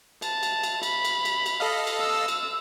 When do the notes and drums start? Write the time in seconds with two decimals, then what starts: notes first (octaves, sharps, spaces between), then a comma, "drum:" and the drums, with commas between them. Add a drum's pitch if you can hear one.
0.22 A5, drum: cymbal
0.43 drum: cymbal
0.63 drum: cymbal
0.83 B5, drum: cymbal
1.05 drum: cymbal
1.25 drum: cymbal
1.46 drum: cymbal
1.60 A4 D#5 F5
1.87 drum: cymbal
2.00 E6
2.28 drum: cymbal